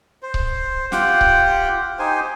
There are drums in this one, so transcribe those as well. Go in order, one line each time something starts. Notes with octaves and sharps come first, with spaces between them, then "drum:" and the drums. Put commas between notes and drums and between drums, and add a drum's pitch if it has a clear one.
C5
drum: kick C#1
F4 G4 F#5 G5, drum: snare
drum: kick C#1
D#4 G4 C5 G#5